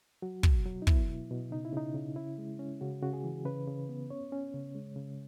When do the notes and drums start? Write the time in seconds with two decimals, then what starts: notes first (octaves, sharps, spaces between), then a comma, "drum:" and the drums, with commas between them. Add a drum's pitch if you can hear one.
0.22 F#3 F#4
0.43 B2, drum: kick
0.65 F#3
0.82 D#4
0.87 B3 E4, drum: kick
1.08 B2
1.31 B2
1.51 C#3 D#4
1.65 E4
1.72 C#3 D#4
1.94 C#3
2.16 C#4 E4
2.38 G#3
2.59 C#4
2.81 C#3 F#4
3.02 C#3 F#4
3.13 G#4
3.24 E3
3.45 C#3 B4
3.67 C#3
3.89 B3
4.10 C#4 C#5
4.32 C#4
4.54 C#3
4.75 G#3
4.96 C#3